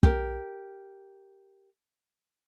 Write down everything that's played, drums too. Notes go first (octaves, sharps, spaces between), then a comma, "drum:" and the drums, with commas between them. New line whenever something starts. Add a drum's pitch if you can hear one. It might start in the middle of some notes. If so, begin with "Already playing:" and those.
G4 A#4, drum: kick